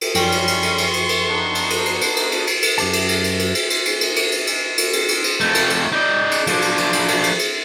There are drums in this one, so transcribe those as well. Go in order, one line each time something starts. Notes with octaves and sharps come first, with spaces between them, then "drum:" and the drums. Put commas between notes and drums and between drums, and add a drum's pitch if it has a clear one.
drum: cymbal
F#2 F3 G3 C#4 G5 C6 C#6, drum: cymbal
drum: cymbal
drum: cymbal
drum: cymbal
drum: cymbal
drum: cymbal
drum: cymbal
B3 D4 D#4
drum: cymbal
drum: cymbal
drum: cymbal
drum: cymbal
drum: cymbal
drum: cymbal
drum: cymbal
drum: cymbal
F#2 G4 A5, drum: cymbal
drum: cymbal
drum: cymbal
drum: cymbal
drum: cymbal
drum: cymbal
drum: cymbal
drum: cymbal
drum: cymbal
drum: cymbal
drum: cymbal
drum: cymbal
drum: cymbal
drum: cymbal
drum: cymbal
drum: cymbal
F2 A3, drum: cymbal
drum: cymbal
drum: cymbal
D#4 D5
drum: cymbal
F3 D4, drum: cymbal
drum: cymbal
drum: cymbal
drum: cymbal
drum: cymbal
drum: cymbal
drum: cymbal